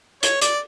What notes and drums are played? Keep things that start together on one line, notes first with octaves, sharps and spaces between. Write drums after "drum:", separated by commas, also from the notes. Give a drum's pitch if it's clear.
C#5, drum: hi-hat
D5, drum: hi-hat